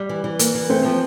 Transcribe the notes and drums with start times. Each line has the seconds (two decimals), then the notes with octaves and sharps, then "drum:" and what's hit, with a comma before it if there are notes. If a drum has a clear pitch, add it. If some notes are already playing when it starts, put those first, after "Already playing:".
Already playing: G3
0.09 E3
0.24 E3
0.39 A#3, drum: hi-hat
0.55 E3
0.70 A3 C4
0.85 F3